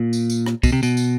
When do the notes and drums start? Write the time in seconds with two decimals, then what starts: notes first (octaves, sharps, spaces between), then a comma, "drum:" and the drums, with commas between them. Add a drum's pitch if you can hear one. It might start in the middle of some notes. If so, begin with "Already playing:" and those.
Already playing: A#2
0.13 drum: tambourine
0.30 drum: tambourine
0.46 drum: rim click
0.63 B2, drum: kick, tambourine
0.73 C3
0.83 B2, drum: tambourine
0.97 drum: tambourine